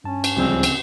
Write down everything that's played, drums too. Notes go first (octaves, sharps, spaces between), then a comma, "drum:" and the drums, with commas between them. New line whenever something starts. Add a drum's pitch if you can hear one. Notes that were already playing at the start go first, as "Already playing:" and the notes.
G2 C#4 A5
drum: cymbal
D1 C#2 C#3 F3 G3 C4
drum: cymbal